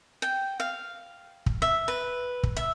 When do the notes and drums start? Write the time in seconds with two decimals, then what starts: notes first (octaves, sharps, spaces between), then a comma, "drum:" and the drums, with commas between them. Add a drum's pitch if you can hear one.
0.22 G5
0.60 F5
1.46 drum: kick
1.62 E5
1.88 B4
2.43 drum: kick
2.57 E5